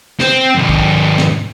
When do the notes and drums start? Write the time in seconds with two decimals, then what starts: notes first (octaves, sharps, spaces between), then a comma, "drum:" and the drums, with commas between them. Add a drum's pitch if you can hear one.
0.20 C4, drum: snare
0.56 D#2 G#2
0.69 drum: kick
1.18 drum: snare